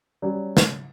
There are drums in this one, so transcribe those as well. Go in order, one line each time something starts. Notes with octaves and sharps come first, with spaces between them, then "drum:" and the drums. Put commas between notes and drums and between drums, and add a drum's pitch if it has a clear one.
F#3 G3 C#4
drum: snare